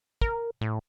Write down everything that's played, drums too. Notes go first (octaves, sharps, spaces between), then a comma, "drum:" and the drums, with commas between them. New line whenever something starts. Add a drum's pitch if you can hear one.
A#4, drum: kick
A2